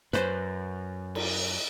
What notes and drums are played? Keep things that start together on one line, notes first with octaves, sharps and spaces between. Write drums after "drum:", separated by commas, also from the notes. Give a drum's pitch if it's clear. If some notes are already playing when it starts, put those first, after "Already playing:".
F#2 B4 C5, drum: snare
drum: cymbal